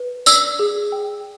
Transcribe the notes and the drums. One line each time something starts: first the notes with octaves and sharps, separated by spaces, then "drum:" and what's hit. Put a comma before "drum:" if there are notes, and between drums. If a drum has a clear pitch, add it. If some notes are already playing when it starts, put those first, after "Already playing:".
Already playing: B4
D5 E6, drum: tambourine
G#4
G5